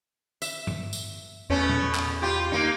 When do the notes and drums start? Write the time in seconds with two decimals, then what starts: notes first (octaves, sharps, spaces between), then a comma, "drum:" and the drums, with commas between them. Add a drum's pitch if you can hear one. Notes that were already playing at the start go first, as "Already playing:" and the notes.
0.42 E5, drum: tambourine
0.67 drum: tom G2
0.93 drum: tambourine
1.50 E2 B2 A3 C#4
1.69 drum: tom A#2
1.95 drum: clap
2.22 F4 G4
2.52 A#3 D#4